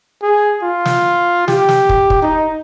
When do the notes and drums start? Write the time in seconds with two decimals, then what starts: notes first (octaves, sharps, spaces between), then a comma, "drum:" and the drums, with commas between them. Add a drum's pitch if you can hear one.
0.23 G#4
0.63 F4
0.85 drum: snare
1.48 G4, drum: snare
1.69 drum: snare
1.89 drum: kick
2.10 drum: kick
2.22 D#4